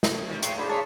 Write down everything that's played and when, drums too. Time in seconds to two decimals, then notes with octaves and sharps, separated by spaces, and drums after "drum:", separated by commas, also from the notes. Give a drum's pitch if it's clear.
0.03 drum: snare
0.12 C#4
0.28 D#3 G3
0.43 A2 G#3 G5 C6 C#6, drum: hi-hat
0.57 D4 F#4 G#4 C5 B5
0.69 F4 G#4 A#4 C#5 D5 A5 C#6 B6